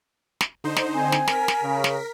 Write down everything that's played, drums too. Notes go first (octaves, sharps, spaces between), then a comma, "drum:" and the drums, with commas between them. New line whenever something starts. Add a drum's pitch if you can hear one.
drum: snare
D3 D#4 C5
drum: snare
C4 G#5
drum: snare
A#4 B6, drum: snare
drum: snare
C#3
drum: snare